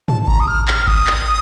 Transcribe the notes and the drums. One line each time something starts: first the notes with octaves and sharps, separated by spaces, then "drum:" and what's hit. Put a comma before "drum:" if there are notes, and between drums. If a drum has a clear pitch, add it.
A5, drum: tom
A5
A#5, drum: kick G#1
D#6
F6
F6, drum: clap
D#6, drum: kick G#1
drum: clap